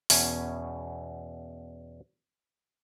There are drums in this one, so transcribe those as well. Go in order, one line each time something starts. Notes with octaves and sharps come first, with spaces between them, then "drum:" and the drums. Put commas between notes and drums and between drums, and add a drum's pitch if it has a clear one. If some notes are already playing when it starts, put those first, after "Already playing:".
E2 B2 C#4, drum: open hi-hat